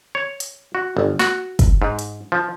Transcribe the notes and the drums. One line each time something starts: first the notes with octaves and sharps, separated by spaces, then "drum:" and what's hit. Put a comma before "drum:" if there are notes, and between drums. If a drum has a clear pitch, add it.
C#5
drum: hi-hat
F#4
G1
F#4, drum: snare
drum: kick, hi-hat
G#2
drum: hi-hat
F3